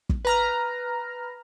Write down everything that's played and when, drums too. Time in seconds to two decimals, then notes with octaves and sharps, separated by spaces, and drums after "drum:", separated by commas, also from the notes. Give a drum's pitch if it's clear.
0.09 drum: kick
0.25 B4 A#5 F6